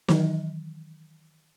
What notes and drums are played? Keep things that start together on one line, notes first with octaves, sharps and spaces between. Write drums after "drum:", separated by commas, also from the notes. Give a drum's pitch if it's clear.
D#3 E3 F#3, drum: snare